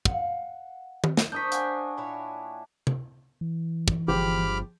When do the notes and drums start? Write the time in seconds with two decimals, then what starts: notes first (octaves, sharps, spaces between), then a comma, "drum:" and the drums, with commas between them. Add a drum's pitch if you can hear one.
0.05 F5 F#5, drum: kick
1.04 drum: tom
1.17 drum: snare
1.32 C4 D4 A#4 C5 D#5 C#6 G6 B6
1.52 F5 F#5 G#5, drum: hi-hat
1.97 A#2 E4 C#5
2.87 drum: tom C3
3.41 E3
3.88 drum: kick
4.08 G1 F3 G4 G#4 B5 D6 F6